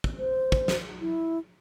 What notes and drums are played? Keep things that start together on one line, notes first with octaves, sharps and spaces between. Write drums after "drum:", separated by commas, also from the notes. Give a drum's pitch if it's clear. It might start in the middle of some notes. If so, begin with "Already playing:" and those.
drum: kick
C5
drum: kick
drum: snare
E4